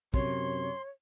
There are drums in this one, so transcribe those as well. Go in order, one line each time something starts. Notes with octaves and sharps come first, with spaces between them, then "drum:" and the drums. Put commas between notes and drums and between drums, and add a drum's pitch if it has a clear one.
F#2 C3 C#5 C6, drum: kick